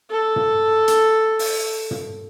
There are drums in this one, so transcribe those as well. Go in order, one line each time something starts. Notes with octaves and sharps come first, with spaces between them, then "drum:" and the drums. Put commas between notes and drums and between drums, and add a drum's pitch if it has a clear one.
A4
drum: tom
drum: hi-hat
drum: open hi-hat
drum: tom